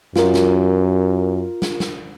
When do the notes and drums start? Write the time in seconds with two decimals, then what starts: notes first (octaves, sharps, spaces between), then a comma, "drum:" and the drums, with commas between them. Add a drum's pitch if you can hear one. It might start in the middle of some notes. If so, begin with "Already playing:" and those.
0.16 F#2 F4 A#4, drum: snare
0.34 drum: snare
1.62 drum: snare
1.80 drum: snare